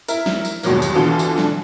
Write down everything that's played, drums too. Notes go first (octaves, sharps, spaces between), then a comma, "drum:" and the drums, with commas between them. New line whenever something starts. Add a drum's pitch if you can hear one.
E4 A#4, drum: tambourine
drum: snare
drum: tambourine
E2 G2 B2 D#3 F#3 A#3, drum: tambourine
drum: tambourine
B2 D3 E3 F4 F#4 A4
drum: tambourine
drum: snare